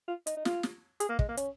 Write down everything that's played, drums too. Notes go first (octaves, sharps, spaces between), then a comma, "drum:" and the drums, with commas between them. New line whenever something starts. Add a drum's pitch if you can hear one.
F4
D#4, drum: hi-hat
D#4
F4, drum: snare
drum: snare
G#4, drum: hi-hat
A#3
G#3, drum: kick
A#3
C#4, drum: hi-hat